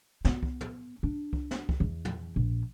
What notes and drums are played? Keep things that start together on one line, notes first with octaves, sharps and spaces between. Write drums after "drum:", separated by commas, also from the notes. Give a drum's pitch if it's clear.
B3, drum: snare
drum: kick C2
drum: tom
D4
drum: kick C2
drum: snare
drum: kick C2
E2
drum: tom
A#1